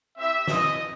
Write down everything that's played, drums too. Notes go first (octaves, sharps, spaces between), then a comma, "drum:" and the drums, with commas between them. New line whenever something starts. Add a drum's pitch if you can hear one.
C4 E4 G4 E5
G#3 C#4 F4 D#5, drum: snare